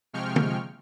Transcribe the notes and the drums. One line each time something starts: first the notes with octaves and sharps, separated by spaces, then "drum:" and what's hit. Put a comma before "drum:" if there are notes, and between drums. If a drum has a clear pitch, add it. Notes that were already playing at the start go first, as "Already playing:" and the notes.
C3 F3 G#3 G5 C#6 F6
drum: tom